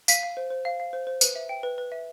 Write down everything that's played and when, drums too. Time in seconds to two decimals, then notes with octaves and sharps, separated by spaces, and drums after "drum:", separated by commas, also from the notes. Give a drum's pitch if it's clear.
0.08 F5 B6, drum: tambourine
0.23 F5
0.37 C5
0.50 C5
0.65 F5
0.80 F5
0.93 C5
1.07 C5
1.21 B4, drum: tambourine
1.36 E5
1.49 G5
1.63 B4
1.78 B4
1.92 E5